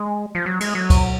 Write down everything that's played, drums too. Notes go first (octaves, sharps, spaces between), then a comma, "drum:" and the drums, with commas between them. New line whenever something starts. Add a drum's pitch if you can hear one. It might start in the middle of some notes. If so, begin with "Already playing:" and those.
Already playing: G#3
F3
F#3
G#3, drum: cymbal
F#3
drum: kick C#2, cymbal